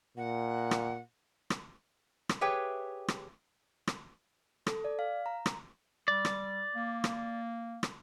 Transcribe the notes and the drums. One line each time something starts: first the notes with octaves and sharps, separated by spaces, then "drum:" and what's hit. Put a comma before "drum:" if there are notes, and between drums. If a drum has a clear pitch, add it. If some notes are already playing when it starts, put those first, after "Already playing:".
A#2 F#5
drum: rim click
drum: rim click
drum: rim click
G4 G#4 B4 C#5 E5 G5
drum: rim click
drum: rim click
A4, drum: rim click
D5
F5
A#5
drum: rim click
G3 D5
drum: rim click
A#3
drum: rim click
drum: rim click